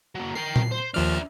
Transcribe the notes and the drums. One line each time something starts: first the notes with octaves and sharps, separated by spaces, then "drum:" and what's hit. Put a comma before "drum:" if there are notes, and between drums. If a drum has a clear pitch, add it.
F#3 A#3
A#4 G5 C7
drum: tom A#2
C5
D#2 F3 D4 E5 F6